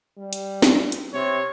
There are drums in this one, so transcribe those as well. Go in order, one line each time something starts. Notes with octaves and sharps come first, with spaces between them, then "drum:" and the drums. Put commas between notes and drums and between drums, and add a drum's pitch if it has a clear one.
G3
drum: hi-hat
drum: snare
drum: hi-hat
C3 C#5